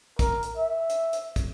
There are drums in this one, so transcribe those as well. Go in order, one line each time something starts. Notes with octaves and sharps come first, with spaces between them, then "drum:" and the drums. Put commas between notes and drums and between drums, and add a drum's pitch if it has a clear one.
A#4, drum: kick, hi-hat
drum: hi-hat
E5
drum: hi-hat
drum: hi-hat
drum: kick, hi-hat